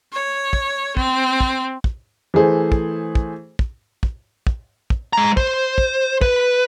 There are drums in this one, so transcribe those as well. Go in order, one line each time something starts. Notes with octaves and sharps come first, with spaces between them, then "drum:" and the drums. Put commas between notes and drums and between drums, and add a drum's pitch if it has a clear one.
C#5
drum: kick
C4, drum: kick
drum: kick
drum: kick
E3 A3 G#4 C5
drum: kick
drum: kick
drum: kick
drum: kick
drum: kick
drum: kick
G#3 A#5
C5, drum: kick
drum: kick
B4, drum: kick